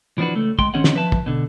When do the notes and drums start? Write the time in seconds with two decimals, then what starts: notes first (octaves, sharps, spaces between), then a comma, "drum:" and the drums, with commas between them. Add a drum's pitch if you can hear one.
0.18 E3 F3 B3 D4 F#4 B4
0.36 C#2 A3
0.59 G#3 G5 C6, drum: kick
0.74 D#3 C4 C#4 G#4 D#5 F#5
0.84 drum: snare
0.95 F3 B4 E5 A5
1.12 drum: kick
1.26 B2 D3